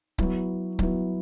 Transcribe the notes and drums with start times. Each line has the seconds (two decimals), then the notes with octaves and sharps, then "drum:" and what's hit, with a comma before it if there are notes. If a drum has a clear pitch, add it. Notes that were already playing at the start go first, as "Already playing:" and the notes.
0.18 F#3 B3 E4, drum: kick C#1
0.79 F#3 B3 E4, drum: kick C#1